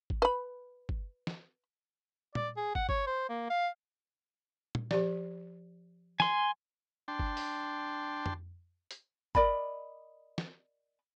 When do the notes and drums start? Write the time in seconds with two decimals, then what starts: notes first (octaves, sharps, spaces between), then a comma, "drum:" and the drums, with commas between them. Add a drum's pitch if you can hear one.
0.10 drum: kick
0.22 B4 B5
0.89 drum: kick
1.27 drum: snare
2.35 D5, drum: tom
2.57 G#4
2.75 F#5, drum: kick
2.89 C#5, drum: kick
3.07 C5
3.29 A#3
3.50 F5
4.75 drum: tom
4.91 F3 G4 D5, drum: snare
6.20 G#5 C6, drum: snare
7.08 D4 G5 A5 C6
7.19 drum: kick
7.37 drum: open hi-hat
8.26 drum: tom F2
8.91 drum: hi-hat
9.35 A#4 D5 D#5 B5, drum: kick
10.38 drum: snare